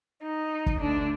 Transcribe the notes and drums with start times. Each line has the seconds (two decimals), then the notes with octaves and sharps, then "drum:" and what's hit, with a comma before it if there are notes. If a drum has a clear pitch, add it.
0.22 D#4
0.66 drum: kick
0.78 D2 D3 D4